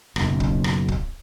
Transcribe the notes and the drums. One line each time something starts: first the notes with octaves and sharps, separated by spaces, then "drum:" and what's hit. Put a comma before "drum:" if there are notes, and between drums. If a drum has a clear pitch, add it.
F#1 B1, drum: rim click
drum: kick
drum: rim click
drum: kick